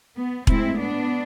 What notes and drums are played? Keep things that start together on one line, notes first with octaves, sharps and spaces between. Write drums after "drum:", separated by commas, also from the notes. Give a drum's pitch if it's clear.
B3
A2 G#3 C4 E4, drum: kick E1
B3 D4